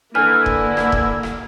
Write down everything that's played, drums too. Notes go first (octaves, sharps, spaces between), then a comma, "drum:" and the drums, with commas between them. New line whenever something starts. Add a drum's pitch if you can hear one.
D3 A#3 E4 B4 G#5 F6
drum: kick E1
drum: rim click
drum: kick E1
drum: rim click